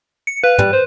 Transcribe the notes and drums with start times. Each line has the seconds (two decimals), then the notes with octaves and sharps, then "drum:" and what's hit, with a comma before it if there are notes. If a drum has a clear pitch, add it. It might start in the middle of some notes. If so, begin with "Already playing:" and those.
0.27 C#7
0.44 B4 F5
0.58 G3, drum: tom
0.73 C5